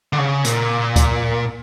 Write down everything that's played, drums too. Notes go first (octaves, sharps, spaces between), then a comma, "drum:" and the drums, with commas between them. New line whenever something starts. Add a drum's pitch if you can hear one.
D3
C#3
A#2, drum: hi-hat
drum: kick C#2, hi-hat